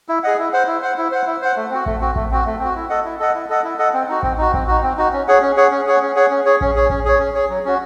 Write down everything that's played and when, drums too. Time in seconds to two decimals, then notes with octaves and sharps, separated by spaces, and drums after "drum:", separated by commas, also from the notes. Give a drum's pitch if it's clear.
0.09 E4
0.23 G#4 D#5 F#5
0.39 E4
0.53 C5 F#5
0.67 E4
0.82 C5 F#5
0.98 E4
1.12 C5 F#5
1.27 E4
1.42 C5 F#5
1.56 A3
1.71 C4 F#4
1.86 A3, drum: kick A1
2.01 C4 F#4
2.16 A3, drum: kick A1
2.31 C4 F#4
2.46 A3
2.60 C4 F#4
2.76 E4
2.89 A4 D#5 F#5
3.05 E4
3.19 A4 D#5 F#5
3.35 E4
3.49 A4 D#5 F#5
3.64 E4
3.78 A4 D#5 F#5
3.93 C4
4.09 D#4 F#4
4.23 C4, drum: kick A1
4.38 D#4 F#4
4.54 C4, drum: kick A1
4.67 D#4 F#4
4.83 C4
4.97 D#4 F#4
5.13 C#4
5.28 G#4 C#5 F#5
5.41 C#4
5.57 G#4 C#5 F#5
5.71 C#4
5.86 G#4 C#5 F#5
6.02 C#4
6.15 G#4 C#5 F#5
6.31 C#4
6.46 G#4 C#5
6.61 C#4, drum: kick A1
6.76 G#4 C#5
6.90 C#4, drum: kick A1
7.05 G#4 C#5
7.20 C#4
7.35 G#4 C#5
7.49 F#3
7.65 C#4 F#4